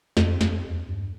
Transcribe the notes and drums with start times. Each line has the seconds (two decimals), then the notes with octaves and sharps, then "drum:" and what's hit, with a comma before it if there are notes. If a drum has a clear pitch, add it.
0.17 F2, drum: snare
0.41 F2, drum: snare
0.65 E2
0.88 G2